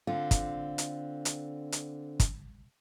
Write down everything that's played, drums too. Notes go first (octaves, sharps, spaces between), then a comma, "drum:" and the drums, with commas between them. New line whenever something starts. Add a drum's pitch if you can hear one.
D3 C4 F4
drum: kick, hi-hat
drum: hi-hat
drum: hi-hat
drum: hi-hat
drum: kick, hi-hat